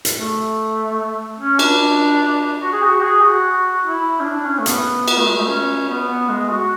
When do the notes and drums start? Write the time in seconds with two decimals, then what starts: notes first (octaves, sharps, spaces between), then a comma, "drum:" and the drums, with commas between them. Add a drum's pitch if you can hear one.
0.05 drum: hi-hat
0.17 A3
1.39 C#4
1.59 D4, drum: cymbal
2.62 F#4
2.73 G#4
2.84 F#4
3.03 G#4
3.23 F#4
3.84 E4
4.20 C#4
4.25 D4
4.46 C#4
4.59 A3
4.66 B3, drum: hi-hat
5.08 B3, drum: cymbal
5.17 A3
5.27 G#3
5.38 A3
5.48 C#4
5.89 B3
6.09 B3
6.29 G#3
6.50 F#4